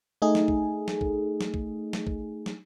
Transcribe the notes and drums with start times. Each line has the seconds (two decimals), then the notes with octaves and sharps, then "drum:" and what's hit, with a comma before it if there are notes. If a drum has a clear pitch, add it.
0.22 A3 D#4 G#4
0.35 drum: snare
0.48 drum: kick
0.88 drum: snare
1.01 drum: kick
1.41 drum: snare
1.54 drum: kick
1.93 drum: snare
2.07 drum: kick
2.46 drum: snare